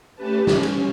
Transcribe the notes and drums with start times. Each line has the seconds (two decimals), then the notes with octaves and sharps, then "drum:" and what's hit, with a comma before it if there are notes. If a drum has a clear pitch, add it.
0.16 A3 C#4 G4 B4 A5
0.47 C#4, drum: snare
0.63 drum: cymbal